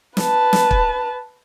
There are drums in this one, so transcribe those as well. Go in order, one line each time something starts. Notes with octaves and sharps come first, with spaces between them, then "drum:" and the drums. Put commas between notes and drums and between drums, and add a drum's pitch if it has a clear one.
B4 A5, drum: snare
drum: snare
drum: kick